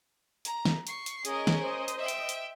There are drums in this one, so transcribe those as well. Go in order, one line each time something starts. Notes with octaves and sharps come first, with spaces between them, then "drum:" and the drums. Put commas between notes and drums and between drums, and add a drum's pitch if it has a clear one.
A#5, drum: hi-hat
drum: snare
C#6 C7, drum: hi-hat
drum: hi-hat
C#4 G#4 A#4 D#5, drum: hi-hat
drum: snare
C5 D#5
drum: hi-hat
E5 G5
drum: hi-hat
drum: hi-hat